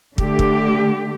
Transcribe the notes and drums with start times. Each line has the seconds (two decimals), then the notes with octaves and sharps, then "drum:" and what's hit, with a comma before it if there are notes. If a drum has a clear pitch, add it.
0.18 D3 A3 G4, drum: kick
0.39 drum: kick